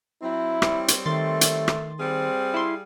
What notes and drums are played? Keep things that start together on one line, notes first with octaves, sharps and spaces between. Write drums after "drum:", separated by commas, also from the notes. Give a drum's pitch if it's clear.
F#3 C4 E4
G3 C4 C#5, drum: rim click
drum: hi-hat
D#3 A3 C6 A6
drum: hi-hat
drum: rim click
G3 C4 G#4 F5
E4 C6